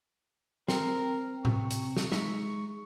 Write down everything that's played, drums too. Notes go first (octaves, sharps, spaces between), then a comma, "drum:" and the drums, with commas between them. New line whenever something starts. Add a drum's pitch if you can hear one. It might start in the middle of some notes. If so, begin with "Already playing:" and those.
C4 A#4, drum: snare
C3 C#6, drum: tom A2
drum: hi-hat
drum: snare
G#3 D#4 E5, drum: snare